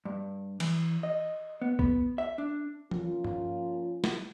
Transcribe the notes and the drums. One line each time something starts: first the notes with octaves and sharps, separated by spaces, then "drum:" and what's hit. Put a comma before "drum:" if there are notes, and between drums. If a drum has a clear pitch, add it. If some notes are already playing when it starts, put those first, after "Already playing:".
G2
E3, drum: cymbal
D#5
B3
B3, drum: kick B1
E5
D4
F3 A#3 C#4 F4, drum: tom E3
drum: tom G2
drum: snare